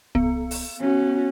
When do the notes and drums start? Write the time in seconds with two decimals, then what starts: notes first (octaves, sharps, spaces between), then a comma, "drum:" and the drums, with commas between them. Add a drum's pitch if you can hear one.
0.15 B3, drum: kick C2
0.51 drum: open hi-hat
0.81 C#4 F#4